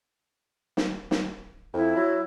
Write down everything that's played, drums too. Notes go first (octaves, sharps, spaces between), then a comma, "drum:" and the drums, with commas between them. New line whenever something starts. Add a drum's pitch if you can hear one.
drum: snare
drum: snare
F2 E4
F#3